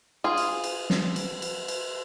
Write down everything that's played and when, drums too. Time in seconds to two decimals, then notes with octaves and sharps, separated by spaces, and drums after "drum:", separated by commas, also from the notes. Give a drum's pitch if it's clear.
0.24 F4 G#4
0.37 drum: cymbal
0.64 drum: cymbal
0.90 drum: snare
1.16 drum: cymbal
1.42 drum: cymbal
1.68 drum: cymbal